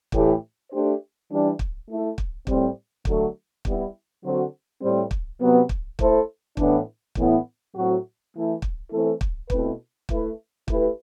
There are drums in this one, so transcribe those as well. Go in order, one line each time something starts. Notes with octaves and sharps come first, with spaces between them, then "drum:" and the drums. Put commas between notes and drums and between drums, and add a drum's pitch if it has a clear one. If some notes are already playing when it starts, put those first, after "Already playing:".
A2 E3 A3 E4 G4, drum: kick
A3 D4 G4 C5
E3 G3 D4
drum: kick
A3 E4 A4
drum: kick
A2 G3 C4, drum: kick
D3 F#3 A3, drum: kick
G3 B3 E4, drum: kick
D3 F#3 C4 F#4 C5
A2 G3 C4
drum: kick
C3 F#3 B3
drum: kick
A3 E4 A4 C5, drum: kick
A2 E3 B3 D4, drum: kick
A2 E3 B3 E4, drum: kick
A2 F#3 C4 F#4
E3 A3 E4
drum: kick
E3 A3 C4 E4 A4
drum: kick
B2 A3 C4 E4 B4, drum: kick
A3 E4 B4, drum: kick
A3 E4 G4 B4, drum: kick